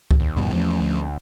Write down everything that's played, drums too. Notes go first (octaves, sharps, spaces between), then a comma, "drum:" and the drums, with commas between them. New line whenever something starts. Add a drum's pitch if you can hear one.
drum: kick C#2
D#2
A#1 G2 B2
E2 F3 A3 C#4
D2